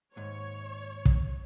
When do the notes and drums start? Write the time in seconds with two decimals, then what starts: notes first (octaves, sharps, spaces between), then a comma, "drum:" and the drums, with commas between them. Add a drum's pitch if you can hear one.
0.16 D#2 G#2 C#5
1.05 drum: kick